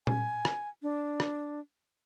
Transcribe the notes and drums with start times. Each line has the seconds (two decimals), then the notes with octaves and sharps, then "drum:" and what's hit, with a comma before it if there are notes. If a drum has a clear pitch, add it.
0.07 G#5, drum: tom A#2
0.45 drum: rim click
0.82 D4
1.20 drum: rim click